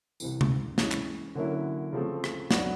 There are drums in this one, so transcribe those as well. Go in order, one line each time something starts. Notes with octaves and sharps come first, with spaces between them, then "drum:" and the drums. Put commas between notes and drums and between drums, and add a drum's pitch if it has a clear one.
C2 C3 E3, drum: tambourine
drum: tom C3
E3 G#3 C#4, drum: snare
drum: clap
D3 F#3 A#3 C#4 E4
C#3 F3 A3 C4
drum: rim click
F#3 B3 D4 F#4, drum: snare